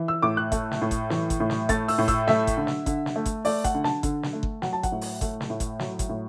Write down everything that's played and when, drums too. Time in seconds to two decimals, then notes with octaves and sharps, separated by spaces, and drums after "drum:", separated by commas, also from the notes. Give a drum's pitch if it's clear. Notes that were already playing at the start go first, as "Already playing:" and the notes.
Already playing: E3
0.08 E6
0.22 A2 D6
0.37 F#6
0.52 A3, drum: kick G1, hi-hat
0.71 drum: snare
0.82 A2
0.91 drum: kick G1, hi-hat
1.10 E3, drum: snare
1.30 drum: kick G1, hi-hat
1.40 A2
1.50 drum: snare
1.69 A3 A6, drum: kick G1, hi-hat
1.88 E6, drum: open hi-hat
1.98 A2
2.08 E6, drum: kick G1, hi-hat
2.28 A3 E5, drum: snare
2.47 drum: kick G1, hi-hat
2.57 D3
2.67 drum: snare
2.86 D3, drum: kick G1, hi-hat
3.06 drum: snare
3.16 A3
3.26 drum: kick G1, hi-hat
3.45 A3 D5, drum: open hi-hat
3.64 F#5, drum: kick G1, hi-hat
3.75 D3
3.84 A5, drum: snare
4.03 D3, drum: kick G1, hi-hat
4.23 drum: snare
4.33 A3
4.43 drum: kick G1
4.62 F#3 F#5, drum: snare
4.73 A5
4.83 F#5, drum: kick G1, hi-hat
4.92 A2
5.01 drum: open hi-hat
5.21 A3, drum: kick G1, hi-hat
5.41 drum: snare
5.50 A2
5.60 drum: kick G1, hi-hat
5.79 F#3, drum: snare
5.99 drum: kick G1, hi-hat
6.09 A2